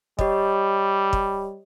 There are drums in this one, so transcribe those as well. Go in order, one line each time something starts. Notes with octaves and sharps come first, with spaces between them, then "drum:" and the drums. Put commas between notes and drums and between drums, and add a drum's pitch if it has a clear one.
G3 G4 C#5 D#5, drum: kick
drum: kick